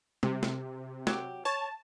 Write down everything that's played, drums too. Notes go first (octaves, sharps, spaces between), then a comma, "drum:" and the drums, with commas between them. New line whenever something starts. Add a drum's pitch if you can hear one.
C3, drum: tom G3
drum: snare
F#3 G4, drum: snare
C#5 A5